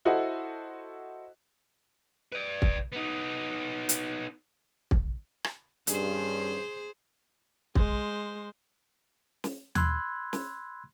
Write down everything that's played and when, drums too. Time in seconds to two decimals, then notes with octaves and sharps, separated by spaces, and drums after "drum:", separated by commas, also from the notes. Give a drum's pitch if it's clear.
0.05 E4 F#4 A4 C5 D#5 F#5
2.32 B4 D5
2.62 drum: kick
2.92 B3 D#4
3.89 drum: hi-hat
4.91 drum: kick
5.44 drum: rim click
5.87 G2 D#3 C#4 G#4 C5, drum: hi-hat
7.75 G#3 C5, drum: kick
9.44 drum: snare
9.75 B5 C6 E6 F#6 G#6, drum: tom D#2
10.33 drum: snare